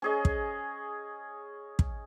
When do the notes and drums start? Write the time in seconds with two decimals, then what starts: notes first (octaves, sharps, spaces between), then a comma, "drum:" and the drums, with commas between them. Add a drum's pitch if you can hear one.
0.02 C#4 G#4 D#5
0.25 drum: kick
1.79 drum: kick